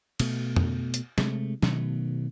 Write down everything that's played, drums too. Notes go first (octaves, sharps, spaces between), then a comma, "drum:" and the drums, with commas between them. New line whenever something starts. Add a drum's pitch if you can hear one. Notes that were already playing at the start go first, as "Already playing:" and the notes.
B2 A3, drum: cymbal
drum: tom F2
drum: hi-hat
C3 G#3 A3, drum: snare
B2 D#3 F#3 A3, drum: snare